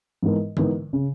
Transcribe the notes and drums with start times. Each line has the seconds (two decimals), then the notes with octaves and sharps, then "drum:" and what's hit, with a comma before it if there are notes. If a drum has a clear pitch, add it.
0.23 G#2 E3 B3 D#4 A#4
0.57 G#2 E3 B3 D#4 A#4, drum: tom D3
0.93 C#3